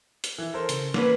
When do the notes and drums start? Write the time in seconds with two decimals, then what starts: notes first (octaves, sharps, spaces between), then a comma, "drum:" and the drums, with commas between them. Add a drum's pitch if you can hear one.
0.24 drum: hi-hat
0.38 E3
0.53 A4 A#4 C5
0.69 C#3, drum: hi-hat
0.94 A#3 C#4 B4, drum: snare